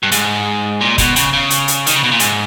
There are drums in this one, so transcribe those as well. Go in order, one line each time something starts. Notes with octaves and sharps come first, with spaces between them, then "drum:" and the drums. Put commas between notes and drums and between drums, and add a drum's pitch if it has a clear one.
G2
G#2, drum: hi-hat
A#2
B2, drum: kick, hi-hat
C#3, drum: hi-hat
C#3
drum: hi-hat
drum: hi-hat
D#3, drum: hi-hat
C#3
B2
A#2
G#2, drum: hi-hat